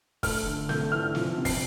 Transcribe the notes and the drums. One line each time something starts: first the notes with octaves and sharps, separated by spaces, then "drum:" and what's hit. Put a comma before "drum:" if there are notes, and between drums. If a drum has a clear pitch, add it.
A3 F6, drum: kick, open hi-hat
D3
A3 G6, drum: snare
E3 F6
F3, drum: snare
C3
C7, drum: kick, open hi-hat